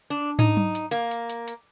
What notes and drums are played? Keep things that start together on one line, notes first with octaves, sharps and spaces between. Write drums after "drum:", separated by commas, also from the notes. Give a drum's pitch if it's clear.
D4
D#4, drum: tom
drum: tom F#3
drum: hi-hat
A#3, drum: hi-hat
drum: hi-hat
drum: hi-hat
drum: hi-hat